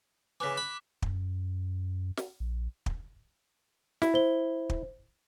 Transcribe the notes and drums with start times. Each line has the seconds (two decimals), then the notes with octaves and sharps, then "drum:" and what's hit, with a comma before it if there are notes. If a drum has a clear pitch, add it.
0.40 C#3 E3 D6 F#6 B6
0.57 B5 F#6
1.02 F#2, drum: kick
2.17 drum: snare
2.40 A#1
2.86 drum: kick
4.02 E4, drum: snare
4.14 C5 G7
4.70 drum: kick